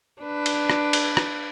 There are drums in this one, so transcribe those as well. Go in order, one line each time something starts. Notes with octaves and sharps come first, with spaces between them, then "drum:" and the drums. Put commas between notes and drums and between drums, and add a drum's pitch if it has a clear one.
D4 B4
drum: cymbal
drum: rim click
drum: cymbal
drum: rim click